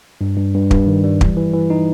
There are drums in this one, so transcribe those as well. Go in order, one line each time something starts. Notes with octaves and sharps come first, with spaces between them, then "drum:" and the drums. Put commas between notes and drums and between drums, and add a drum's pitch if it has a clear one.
G2
G2
G2
G2, drum: kick
D#3
G3
E3, drum: kick
E3
E3
D#4